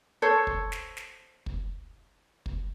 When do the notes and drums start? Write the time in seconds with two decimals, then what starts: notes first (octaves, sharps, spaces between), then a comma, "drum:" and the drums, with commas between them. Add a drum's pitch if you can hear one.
0.22 A4 C5 C#5
0.47 drum: kick
0.72 drum: snare
0.97 drum: snare
1.46 drum: kick
2.46 drum: kick